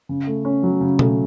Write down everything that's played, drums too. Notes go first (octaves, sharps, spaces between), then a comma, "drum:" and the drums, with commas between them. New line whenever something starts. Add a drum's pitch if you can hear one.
C#3
A3
C#4
F#3
C#3
A3, drum: tom B2